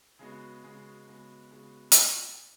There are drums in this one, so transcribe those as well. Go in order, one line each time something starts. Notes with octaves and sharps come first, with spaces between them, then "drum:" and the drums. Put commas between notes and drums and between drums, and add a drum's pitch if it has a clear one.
C#3 G#3 B3 F#4
C#3 G#3 B3 F#4
C#3 G#3 B3 F#4
C#3 G#3 B3 F#4
drum: hi-hat